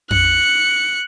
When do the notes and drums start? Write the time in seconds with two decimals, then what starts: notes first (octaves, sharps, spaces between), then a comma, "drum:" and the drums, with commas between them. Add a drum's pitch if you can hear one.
0.11 F#6 C#7, drum: tom F2